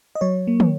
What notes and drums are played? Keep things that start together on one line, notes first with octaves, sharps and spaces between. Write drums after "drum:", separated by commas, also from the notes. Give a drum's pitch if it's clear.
D#5
F#3 C#5
A#3
drum: tom